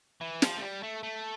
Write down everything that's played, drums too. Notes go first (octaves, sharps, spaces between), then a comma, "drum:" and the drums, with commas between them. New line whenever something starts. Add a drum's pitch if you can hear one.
E3
F3, drum: snare
A3
G3
A3
A3